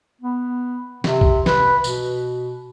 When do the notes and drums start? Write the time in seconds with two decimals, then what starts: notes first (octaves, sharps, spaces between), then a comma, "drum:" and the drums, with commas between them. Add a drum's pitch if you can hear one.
0.22 B3
1.04 C3, drum: snare
1.21 drum: kick B1
1.46 B4, drum: snare
1.84 B2, drum: tambourine